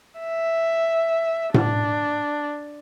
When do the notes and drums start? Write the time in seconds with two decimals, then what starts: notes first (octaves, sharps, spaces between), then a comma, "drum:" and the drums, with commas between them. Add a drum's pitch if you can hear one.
0.20 E5
1.54 D4, drum: tom A2